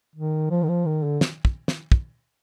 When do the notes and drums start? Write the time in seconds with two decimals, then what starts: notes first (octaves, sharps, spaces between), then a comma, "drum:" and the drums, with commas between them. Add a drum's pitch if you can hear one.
0.16 D#3
0.51 F3
0.63 D#3
0.69 F3
0.86 D#3
1.04 D3
1.21 drum: snare
1.45 drum: kick
1.68 drum: snare
1.92 drum: kick